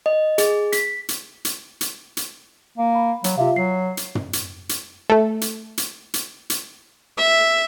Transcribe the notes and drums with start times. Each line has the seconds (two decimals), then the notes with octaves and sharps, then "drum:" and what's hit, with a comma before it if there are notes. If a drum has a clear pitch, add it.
0.06 D#5
0.38 G#4, drum: hi-hat
0.72 B6, drum: hi-hat
1.09 drum: hi-hat
1.45 drum: hi-hat
1.81 drum: hi-hat
2.17 drum: hi-hat
2.78 A#3
2.95 B5
3.24 F#3, drum: hi-hat
3.38 C3 F4 E5 F5
3.56 F#3 C7
3.97 drum: hi-hat
4.15 drum: tom
4.33 drum: hi-hat
4.69 drum: hi-hat
5.10 A3 A4
5.41 drum: hi-hat
5.78 drum: hi-hat
6.14 drum: hi-hat
6.50 drum: hi-hat
7.18 E5